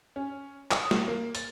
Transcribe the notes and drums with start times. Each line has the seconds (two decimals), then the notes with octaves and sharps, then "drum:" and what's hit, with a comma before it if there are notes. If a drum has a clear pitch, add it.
0.16 C#4
0.71 D#6, drum: clap
0.91 drum: snare
1.08 A#3
1.35 A6, drum: hi-hat